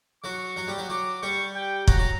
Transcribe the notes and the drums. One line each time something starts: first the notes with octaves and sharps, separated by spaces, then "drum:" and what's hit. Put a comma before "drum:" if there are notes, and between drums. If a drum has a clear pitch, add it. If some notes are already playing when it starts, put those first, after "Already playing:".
F#3 F#4 C#6
F#3 F#4
G3 G4
F#3 F#4
F#3 F#4 D6
G3 G4 C#6
G5
F#3 F#4 A#5, drum: kick
F#3 F#4